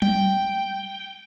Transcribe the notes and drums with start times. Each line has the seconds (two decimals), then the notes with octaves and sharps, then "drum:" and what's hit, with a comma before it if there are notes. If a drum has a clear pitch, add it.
0.02 G5, drum: tom F#3